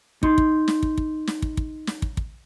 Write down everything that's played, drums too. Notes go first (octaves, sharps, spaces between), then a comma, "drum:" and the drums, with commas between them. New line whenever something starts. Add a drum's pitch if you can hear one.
D#4 C6, drum: kick
drum: kick
drum: snare
drum: kick
drum: kick
drum: snare
drum: kick
drum: kick
drum: snare
drum: kick
drum: kick